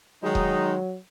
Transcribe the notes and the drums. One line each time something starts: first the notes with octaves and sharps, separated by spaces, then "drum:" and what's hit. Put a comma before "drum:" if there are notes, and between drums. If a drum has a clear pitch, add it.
D#3 F#3 G#3 D#4
drum: kick E1